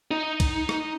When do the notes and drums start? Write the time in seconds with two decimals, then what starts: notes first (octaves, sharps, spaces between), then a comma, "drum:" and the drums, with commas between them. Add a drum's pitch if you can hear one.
0.11 D#4
0.40 drum: kick B1, cymbal
0.69 drum: rim click